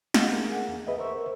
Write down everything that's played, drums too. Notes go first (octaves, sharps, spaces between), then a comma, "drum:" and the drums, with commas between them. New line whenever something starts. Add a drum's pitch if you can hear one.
D#5 F5 F#5, drum: snare
A#3 G#4
G#4 F#5
E2
G#4 B4 D#5 E5
A#4 C5 E5 C#6 E6